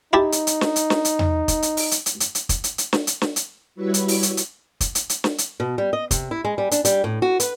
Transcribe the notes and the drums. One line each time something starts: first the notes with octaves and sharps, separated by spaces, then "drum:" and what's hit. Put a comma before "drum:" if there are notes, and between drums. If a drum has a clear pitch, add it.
D#4 E4 G4 A5
drum: hi-hat
drum: hi-hat
drum: snare
drum: hi-hat
drum: snare
drum: hi-hat
drum: tom E2
drum: kick, hi-hat
drum: hi-hat
drum: open hi-hat
drum: hi-hat
drum: hi-hat
drum: hi-hat
drum: hi-hat
drum: kick, hi-hat
drum: hi-hat
drum: hi-hat
drum: snare
drum: hi-hat
drum: snare
drum: hi-hat
G3 E4 F#4 B4 C#5 E5
drum: hi-hat
drum: open hi-hat
drum: hi-hat
drum: hi-hat
drum: kick, hi-hat
drum: hi-hat
drum: hi-hat
drum: snare
drum: hi-hat
B2
G3
D#5
C3, drum: kick, hi-hat
E4
G#3
G3
D4, drum: hi-hat
G3, drum: hi-hat
A2
F#4
B4, drum: hi-hat